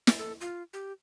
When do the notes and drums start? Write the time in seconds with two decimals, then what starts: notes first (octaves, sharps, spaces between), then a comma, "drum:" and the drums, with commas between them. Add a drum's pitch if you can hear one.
0.07 drum: snare
0.19 A4
0.41 F4
0.73 G4